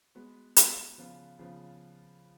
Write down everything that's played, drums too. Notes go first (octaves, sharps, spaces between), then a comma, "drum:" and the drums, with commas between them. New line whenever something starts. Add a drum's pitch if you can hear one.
G#3 B3 F#4
G#3 B3 F#4, drum: hi-hat
C#3 F3 B3 F4
C#3 F3 B3 F4